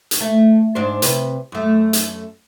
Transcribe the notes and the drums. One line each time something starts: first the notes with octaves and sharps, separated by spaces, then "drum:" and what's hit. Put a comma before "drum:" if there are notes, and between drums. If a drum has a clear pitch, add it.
drum: hi-hat
A3
G#2 D4 C5
C3 B4, drum: hi-hat
F#2 A3
drum: hi-hat